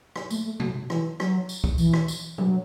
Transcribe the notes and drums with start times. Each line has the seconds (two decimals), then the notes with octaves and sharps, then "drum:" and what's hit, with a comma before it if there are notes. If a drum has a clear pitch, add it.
0.16 drum: rim click
0.30 A3, drum: tambourine
0.45 A3
0.60 F#3, drum: tom C3
0.90 E3, drum: rim click
1.20 F#3, drum: rim click
1.49 drum: tambourine
1.64 drum: kick
1.78 E3, drum: tambourine
1.93 drum: rim click
2.08 drum: tambourine
2.38 F#3, drum: tom C3